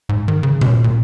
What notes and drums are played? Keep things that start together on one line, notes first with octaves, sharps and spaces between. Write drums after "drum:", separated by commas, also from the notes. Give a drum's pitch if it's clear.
G#2
D#3
C#3
B2, drum: tom A#2
A#2